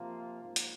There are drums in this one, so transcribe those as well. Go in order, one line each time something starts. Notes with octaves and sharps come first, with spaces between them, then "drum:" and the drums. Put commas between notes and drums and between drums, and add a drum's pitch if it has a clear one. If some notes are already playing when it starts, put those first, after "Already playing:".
Already playing: C3 F3 A#3 F4
G#2 F3 A#3 F4
drum: hi-hat